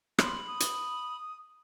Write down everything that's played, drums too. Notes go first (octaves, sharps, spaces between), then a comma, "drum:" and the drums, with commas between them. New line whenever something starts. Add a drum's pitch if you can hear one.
B5 C6, drum: rim click
D#6
drum: hi-hat